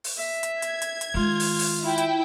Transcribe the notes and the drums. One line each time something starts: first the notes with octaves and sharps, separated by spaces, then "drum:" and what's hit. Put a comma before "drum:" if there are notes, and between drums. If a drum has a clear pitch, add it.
drum: open hi-hat
E5
drum: hi-hat
G#6, drum: hi-hat
drum: hi-hat
drum: hi-hat
D#3 G#3 F4
drum: open hi-hat
drum: open hi-hat
E4 G5
drum: hi-hat